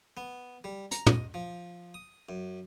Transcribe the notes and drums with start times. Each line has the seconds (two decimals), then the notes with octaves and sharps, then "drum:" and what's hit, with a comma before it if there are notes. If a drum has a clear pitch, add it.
0.17 B3
0.64 G3
0.91 A#5, drum: hi-hat
1.06 D#5, drum: tom
1.34 F3
1.94 D#6
2.29 F#2